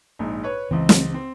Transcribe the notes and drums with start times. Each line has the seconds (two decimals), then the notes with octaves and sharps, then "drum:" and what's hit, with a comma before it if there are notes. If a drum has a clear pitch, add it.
0.19 A#1 G#2
0.44 B4 C#5
0.71 C#2 E3 C4
0.89 drum: snare
1.14 C4